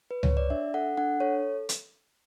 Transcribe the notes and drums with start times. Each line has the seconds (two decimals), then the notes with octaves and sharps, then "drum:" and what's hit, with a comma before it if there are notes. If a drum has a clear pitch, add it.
0.11 B4
0.23 C#5, drum: tom C#2
0.37 D5
0.50 D4 E5
0.74 A4 F#5
0.98 D4 F#5
1.20 A4 C#5
1.69 drum: hi-hat